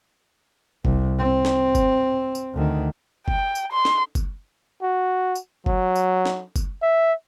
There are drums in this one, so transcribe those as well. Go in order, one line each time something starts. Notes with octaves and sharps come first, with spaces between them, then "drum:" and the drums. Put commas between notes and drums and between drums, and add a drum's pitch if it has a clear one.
C2, drum: kick F#1
C4
drum: snare
drum: kick F#1, tambourine
drum: tambourine
D2 D#3
G5, drum: kick F#1
drum: tambourine
C6
drum: snare
drum: kick F#1, tambourine
F#4
drum: tambourine
F#3, drum: kick F#1
drum: tambourine
drum: snare
drum: kick F#1, tambourine
E5